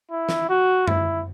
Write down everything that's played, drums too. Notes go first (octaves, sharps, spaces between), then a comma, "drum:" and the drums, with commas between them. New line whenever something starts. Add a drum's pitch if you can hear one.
E4
drum: snare
F#4
E4, drum: tom F#2